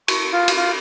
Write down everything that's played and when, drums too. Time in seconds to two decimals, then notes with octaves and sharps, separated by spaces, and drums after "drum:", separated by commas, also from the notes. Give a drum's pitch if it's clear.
0.08 C#6, drum: cymbal
0.33 F4
0.48 drum: cymbal
0.57 F4